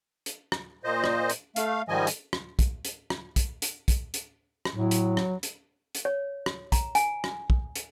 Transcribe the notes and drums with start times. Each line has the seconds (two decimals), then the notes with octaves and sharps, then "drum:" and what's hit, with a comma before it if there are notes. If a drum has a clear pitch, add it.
0.26 drum: hi-hat
0.52 drum: rim click
0.84 A#2 C5 D#5
1.04 drum: rim click
1.30 drum: hi-hat
1.56 A3 F5, drum: hi-hat
1.88 G#2 D#3 F3 G3 D#5 G#5
2.07 drum: hi-hat
2.33 drum: rim click
2.59 drum: kick, hi-hat
2.85 drum: hi-hat
3.10 drum: rim click
3.36 drum: kick, hi-hat
3.62 drum: hi-hat
3.88 drum: kick, hi-hat
4.14 drum: hi-hat
4.65 drum: rim click
4.75 A2 F#3
4.91 drum: hi-hat
5.17 drum: rim click
5.43 drum: hi-hat
5.95 drum: hi-hat
6.05 C#5
6.46 drum: rim click
6.72 A#5, drum: kick, hi-hat
6.95 G#5, drum: hi-hat
7.24 drum: rim click
7.50 drum: kick
7.76 drum: hi-hat